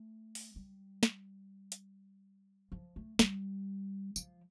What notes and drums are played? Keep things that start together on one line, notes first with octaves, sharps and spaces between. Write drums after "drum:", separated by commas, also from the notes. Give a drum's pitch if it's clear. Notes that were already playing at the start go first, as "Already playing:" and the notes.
Already playing: A3
drum: open hi-hat
G3
drum: snare
drum: hi-hat
F3
A3
G3, drum: snare
F3, drum: tambourine